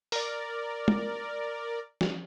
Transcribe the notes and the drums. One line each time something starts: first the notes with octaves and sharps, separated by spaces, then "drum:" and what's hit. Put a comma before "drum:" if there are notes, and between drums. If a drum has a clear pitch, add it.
A#4 D5, drum: open hi-hat
drum: tom
drum: snare